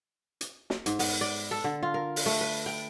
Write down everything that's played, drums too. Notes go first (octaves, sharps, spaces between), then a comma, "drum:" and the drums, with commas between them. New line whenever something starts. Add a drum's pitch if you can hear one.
drum: hi-hat
drum: snare
G#2, drum: hi-hat
B3, drum: open hi-hat
D5
A4
D3
F4
A#4
drum: open hi-hat
A3
B4
G5